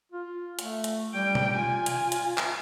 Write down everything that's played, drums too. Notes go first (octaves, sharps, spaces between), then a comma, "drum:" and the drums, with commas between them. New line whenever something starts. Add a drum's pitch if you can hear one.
F4
A3, drum: hi-hat
drum: hi-hat
G3 G5
drum: tom B2
F4 G#5
drum: hi-hat
drum: hi-hat
drum: clap